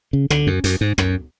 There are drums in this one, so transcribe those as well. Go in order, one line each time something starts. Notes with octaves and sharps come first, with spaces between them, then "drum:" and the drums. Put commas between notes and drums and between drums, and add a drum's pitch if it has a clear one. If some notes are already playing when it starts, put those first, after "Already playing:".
C#3
D3, drum: rim click
F#2
F#2, drum: hi-hat
G#2
F#2, drum: rim click